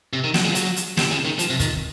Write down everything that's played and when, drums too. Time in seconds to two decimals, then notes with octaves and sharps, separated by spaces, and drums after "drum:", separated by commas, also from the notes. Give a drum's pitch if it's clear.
0.13 C3
0.24 D#3
0.34 F#3, drum: snare
0.45 G#3
0.51 F3
0.55 F#3, drum: hi-hat
0.76 drum: hi-hat
0.97 C3, drum: snare
1.11 C#3
1.25 D#3
1.39 F3, drum: hi-hat
1.50 C3
1.60 D#3, drum: kick, hi-hat